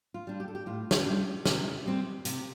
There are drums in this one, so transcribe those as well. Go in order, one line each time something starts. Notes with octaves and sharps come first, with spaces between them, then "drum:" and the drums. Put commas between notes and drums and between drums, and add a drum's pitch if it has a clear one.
F4
G3 D4
G4
A4
G4
A2 F4
drum: snare
G3 D4
C3, drum: snare
G3 C4
C3, drum: hi-hat